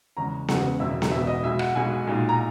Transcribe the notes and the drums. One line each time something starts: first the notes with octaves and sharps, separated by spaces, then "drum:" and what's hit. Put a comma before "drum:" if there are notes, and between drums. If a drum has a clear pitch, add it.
E2 C#3 G#3 C#4 A#5
E2 C#3 G#3 C#4 F#5, drum: snare B3
E1 E2 B2 E5
drum: snare B3
E1 E2 B2 E5
D#5
B1 B2 G#3 E5
F#5, drum: rim click
B1 B2 G#3 G#5
B1 A#2 G#3 D#4
A#5